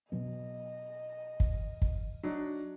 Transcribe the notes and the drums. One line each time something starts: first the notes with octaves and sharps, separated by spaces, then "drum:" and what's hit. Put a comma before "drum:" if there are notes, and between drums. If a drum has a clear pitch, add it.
B2 F#3 B3 D#5
drum: kick
drum: kick
F#3 D4 D#4